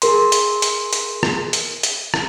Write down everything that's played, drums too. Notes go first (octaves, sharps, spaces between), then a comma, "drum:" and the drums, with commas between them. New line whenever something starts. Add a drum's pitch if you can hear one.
G#4 A#4 C6, drum: hi-hat
drum: hi-hat
drum: hi-hat
drum: hi-hat
drum: rim click
drum: hi-hat
drum: hi-hat
drum: rim click